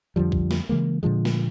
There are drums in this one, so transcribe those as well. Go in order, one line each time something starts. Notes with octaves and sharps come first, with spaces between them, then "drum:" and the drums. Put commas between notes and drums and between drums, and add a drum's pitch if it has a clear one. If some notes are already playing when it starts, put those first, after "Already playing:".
F2 D3 F3 G3
drum: kick B1
drum: snare
C#3 E3 G#3 A#3
A#2 D3 F3 G#3
drum: snare